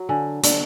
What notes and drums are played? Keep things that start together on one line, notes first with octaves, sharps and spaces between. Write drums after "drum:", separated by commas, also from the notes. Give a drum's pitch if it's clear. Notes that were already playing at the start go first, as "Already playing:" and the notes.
Already playing: F#3
D3 G#5
D3 D5, drum: hi-hat